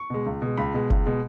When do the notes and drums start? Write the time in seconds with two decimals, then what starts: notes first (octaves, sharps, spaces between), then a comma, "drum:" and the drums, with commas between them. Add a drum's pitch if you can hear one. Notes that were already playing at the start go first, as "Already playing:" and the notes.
Already playing: C#6
0.10 B2 G#3
0.26 C#2
0.42 B2 G#3
0.57 C#2 B5
0.74 B2 G#3
0.90 C#2, drum: kick
1.06 B2 G#3